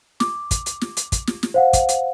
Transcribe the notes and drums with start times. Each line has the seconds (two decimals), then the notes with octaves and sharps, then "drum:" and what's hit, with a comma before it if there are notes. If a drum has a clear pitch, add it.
0.20 D6, drum: snare
0.51 drum: kick, hi-hat
0.66 drum: hi-hat
0.81 drum: snare
0.97 drum: hi-hat
1.12 drum: kick, hi-hat
1.27 drum: snare
1.43 drum: snare
1.54 C5 F5 F#5
1.73 drum: kick, hi-hat
1.89 drum: hi-hat